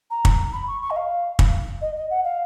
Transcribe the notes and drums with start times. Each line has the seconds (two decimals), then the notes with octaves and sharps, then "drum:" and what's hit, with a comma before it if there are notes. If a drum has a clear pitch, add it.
0.11 A#5
0.25 drum: kick
0.53 B5
0.68 C#6
0.82 C#6
0.90 D#5
0.96 F5
1.39 drum: kick
1.81 D#5
1.96 D#5
2.10 F#5
2.24 F5